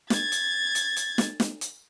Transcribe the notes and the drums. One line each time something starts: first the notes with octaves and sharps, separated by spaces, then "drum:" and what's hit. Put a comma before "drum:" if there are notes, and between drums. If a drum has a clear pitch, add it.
G#6 A6, drum: snare
drum: hi-hat
drum: hi-hat
drum: hi-hat
drum: snare
drum: snare
drum: hi-hat